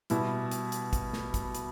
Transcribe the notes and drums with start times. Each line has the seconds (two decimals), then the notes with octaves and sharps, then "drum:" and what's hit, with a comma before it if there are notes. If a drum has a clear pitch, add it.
0.10 B2 G3 E4, drum: hi-hat
0.52 drum: hi-hat
0.72 drum: hi-hat
0.93 drum: kick, hi-hat
1.13 drum: snare
1.34 drum: kick, hi-hat
1.55 drum: hi-hat